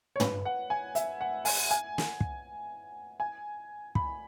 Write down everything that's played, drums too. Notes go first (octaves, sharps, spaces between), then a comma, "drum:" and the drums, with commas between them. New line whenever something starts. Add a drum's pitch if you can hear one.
C#5
B4, drum: tom
F#5
G#5
E5, drum: hi-hat
F#5
G#5, drum: open hi-hat
G#5
drum: snare
drum: kick
G#5
B5, drum: kick